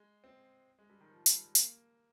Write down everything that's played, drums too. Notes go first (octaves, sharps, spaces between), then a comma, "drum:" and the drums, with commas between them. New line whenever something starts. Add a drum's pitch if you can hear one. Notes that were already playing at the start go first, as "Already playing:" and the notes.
Already playing: G#3
C4
G#3
G3
D#3
F3
G3, drum: hi-hat
G#3
A#3, drum: hi-hat